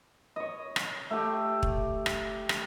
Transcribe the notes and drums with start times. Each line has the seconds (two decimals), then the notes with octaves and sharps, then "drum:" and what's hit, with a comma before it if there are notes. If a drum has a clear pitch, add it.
0.36 C#5 D#5
0.76 C6, drum: rim click
1.11 A3 G4
1.63 drum: kick
2.06 drum: rim click
2.49 drum: rim click